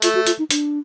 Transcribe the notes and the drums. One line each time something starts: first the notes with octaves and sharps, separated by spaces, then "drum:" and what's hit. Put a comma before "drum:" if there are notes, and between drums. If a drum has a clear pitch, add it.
A3 F4, drum: hi-hat
F#4
F4, drum: hi-hat
D#4
D4, drum: hi-hat